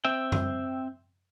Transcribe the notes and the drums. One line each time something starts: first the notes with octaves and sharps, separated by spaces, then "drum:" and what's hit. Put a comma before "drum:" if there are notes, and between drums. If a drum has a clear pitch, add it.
C4 E5 G5
drum: tom F#2